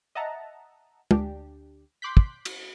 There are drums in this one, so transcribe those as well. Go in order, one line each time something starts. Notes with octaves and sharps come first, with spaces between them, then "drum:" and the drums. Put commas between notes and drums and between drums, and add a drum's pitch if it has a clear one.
D#5 E5 F#5 A5 A#5
D2 D4 G4, drum: tom
C6 D6 F#6 G6 B6
drum: kick
drum: cymbal